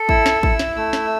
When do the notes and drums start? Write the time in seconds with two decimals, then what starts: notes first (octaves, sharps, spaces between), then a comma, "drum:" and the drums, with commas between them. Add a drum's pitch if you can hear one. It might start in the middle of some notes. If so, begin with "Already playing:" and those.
Already playing: A4
0.09 E4 E6, drum: kick
0.26 drum: snare
0.43 E4, drum: kick
0.59 drum: snare
0.76 A3 E6
0.93 drum: snare